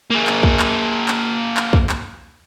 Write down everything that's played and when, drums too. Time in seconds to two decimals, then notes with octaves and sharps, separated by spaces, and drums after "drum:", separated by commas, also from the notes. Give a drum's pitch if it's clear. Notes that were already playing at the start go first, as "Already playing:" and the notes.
0.11 A#3 G#4
0.27 drum: clap
0.43 drum: kick
0.59 drum: clap
1.08 drum: clap
1.57 drum: clap
1.73 drum: kick
1.89 drum: clap